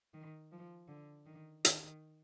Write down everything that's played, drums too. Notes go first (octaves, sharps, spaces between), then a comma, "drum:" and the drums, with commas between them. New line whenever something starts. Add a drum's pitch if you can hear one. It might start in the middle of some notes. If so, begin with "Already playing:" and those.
D#3
F3
D3
D#3
D#3, drum: hi-hat